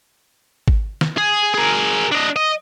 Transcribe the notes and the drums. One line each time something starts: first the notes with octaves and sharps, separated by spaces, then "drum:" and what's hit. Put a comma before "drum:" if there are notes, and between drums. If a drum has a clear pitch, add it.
drum: kick G#1
drum: snare
G#4
G#4 A#4
D4 D#5
D#5